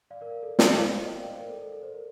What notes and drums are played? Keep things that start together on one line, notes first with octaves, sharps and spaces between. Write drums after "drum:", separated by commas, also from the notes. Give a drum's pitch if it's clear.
D5 F5
A#4 D5
A#4
A4
D#5 G5, drum: snare
D5 F5
C5 D#5
C5 D#5
D#5 G5
D5 F5
C5 D#5
A#4 D5
A4
A4
A4
C5
A#4